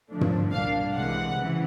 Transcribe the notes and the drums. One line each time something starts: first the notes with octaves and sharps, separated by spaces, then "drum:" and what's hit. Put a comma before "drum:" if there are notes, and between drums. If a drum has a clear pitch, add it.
G2 D3 F3 A3 D4
drum: tom
C2 A#2 G3 A#3 D4 F5
C2 C3 E3 G#3 F#5
C#3 E3